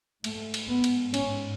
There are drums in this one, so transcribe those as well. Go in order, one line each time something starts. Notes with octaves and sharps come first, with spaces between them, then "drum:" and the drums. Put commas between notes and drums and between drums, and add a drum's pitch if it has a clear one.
G#2 A3, drum: cymbal
drum: cymbal
B3
drum: cymbal
C#4, drum: cymbal